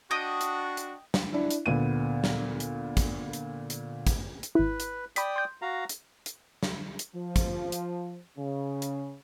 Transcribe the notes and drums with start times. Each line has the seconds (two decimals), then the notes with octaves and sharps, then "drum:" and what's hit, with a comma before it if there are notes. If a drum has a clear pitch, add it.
0.11 D4 F#4 D#5 G5 D#6
0.41 drum: hi-hat
0.77 drum: hi-hat
1.14 drum: snare
1.33 D4 E4
1.51 drum: hi-hat
1.66 D2 A#2 B3 D#7
2.24 drum: snare
2.60 drum: hi-hat
2.97 drum: kick, hi-hat
3.33 drum: hi-hat
3.70 drum: hi-hat
4.07 drum: kick, hi-hat
4.43 drum: hi-hat
4.55 G#1 E4 B4
4.80 drum: hi-hat
5.16 D5 G5 B5 D#6 B6, drum: hi-hat
5.36 C6 G6
5.62 F#4 F5 A#5
5.89 drum: hi-hat
6.26 drum: hi-hat
6.63 drum: snare
6.99 drum: hi-hat
7.15 F3
7.36 drum: kick, hi-hat
7.72 drum: hi-hat
8.37 C#3
8.82 drum: hi-hat